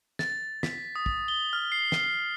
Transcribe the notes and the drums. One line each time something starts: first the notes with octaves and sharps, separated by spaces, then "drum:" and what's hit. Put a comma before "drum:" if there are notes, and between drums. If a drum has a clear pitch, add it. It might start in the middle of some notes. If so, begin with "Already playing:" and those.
A6, drum: snare
B6, drum: snare
D#6
drum: kick
G7
F6
C7
C7, drum: snare